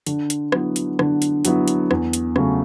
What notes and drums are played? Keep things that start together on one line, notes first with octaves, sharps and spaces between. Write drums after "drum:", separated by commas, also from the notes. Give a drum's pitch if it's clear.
D3, drum: hi-hat
drum: hi-hat
F#3 B3 E4, drum: rim click
drum: hi-hat
D3, drum: rim click
drum: hi-hat
F#3 B3 E4, drum: hi-hat
drum: hi-hat
E2, drum: rim click
drum: hi-hat
C#3 F#3 A3, drum: rim click